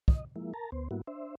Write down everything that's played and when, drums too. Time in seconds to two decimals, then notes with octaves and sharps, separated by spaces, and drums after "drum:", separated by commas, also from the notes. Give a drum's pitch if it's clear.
0.08 D#5, drum: kick
0.36 F3 G#3 A#3 E4
0.54 A#4 A5 A#5
0.72 D2 B3 C5
0.91 G#2 G3 A#3 B3 E4 F#4
1.07 D4 C5 E5